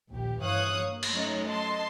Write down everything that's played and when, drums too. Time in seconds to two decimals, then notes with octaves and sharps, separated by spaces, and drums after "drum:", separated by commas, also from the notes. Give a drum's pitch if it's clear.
0.11 A#1 D#2 G4
0.40 G2 E3 C#5 F5 D#6 F#6
0.83 A#3
1.03 drum: cymbal
1.14 F#3 A3 C#4 D#4 C#5 D#5
1.48 D#5 A5 C6